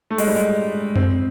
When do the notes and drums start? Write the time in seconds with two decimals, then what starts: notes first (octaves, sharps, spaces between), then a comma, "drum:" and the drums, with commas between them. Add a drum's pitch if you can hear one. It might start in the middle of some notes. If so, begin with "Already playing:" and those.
0.11 A3
0.18 G#3, drum: open hi-hat
0.27 G3
0.35 G#3
0.96 C4, drum: tom F#2